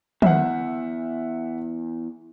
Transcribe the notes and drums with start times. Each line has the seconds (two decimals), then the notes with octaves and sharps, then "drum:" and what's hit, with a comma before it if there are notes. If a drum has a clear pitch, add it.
0.22 E2 E5 F#5, drum: tom